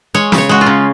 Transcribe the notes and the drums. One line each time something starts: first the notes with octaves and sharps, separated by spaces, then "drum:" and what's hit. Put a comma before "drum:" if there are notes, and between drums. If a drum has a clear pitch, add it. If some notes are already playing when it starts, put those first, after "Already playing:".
G#3 C#5
C#3, drum: snare
C#5
G#3 F#4
F4
C#3